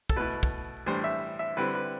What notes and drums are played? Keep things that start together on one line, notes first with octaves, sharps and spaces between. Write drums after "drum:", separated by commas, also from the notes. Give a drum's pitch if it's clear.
A4, drum: kick
B2 A3 E4 B4
drum: kick
A2 E3 G3 D4 C5
E5
E5
D3 G3 C4 E4 B4
B4